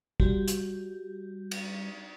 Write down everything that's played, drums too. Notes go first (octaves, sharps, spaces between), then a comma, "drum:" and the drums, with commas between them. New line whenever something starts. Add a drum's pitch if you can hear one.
G3 F#4, drum: kick
drum: hi-hat
drum: cymbal